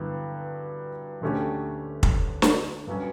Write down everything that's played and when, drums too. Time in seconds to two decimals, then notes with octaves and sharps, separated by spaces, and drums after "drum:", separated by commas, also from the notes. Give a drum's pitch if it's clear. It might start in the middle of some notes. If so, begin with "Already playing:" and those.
Already playing: G2 D3 F#3 B3 E4
1.22 D2 D3 A3 C#4 G4
2.03 drum: kick
2.42 drum: snare
2.87 G2 F#3 C#4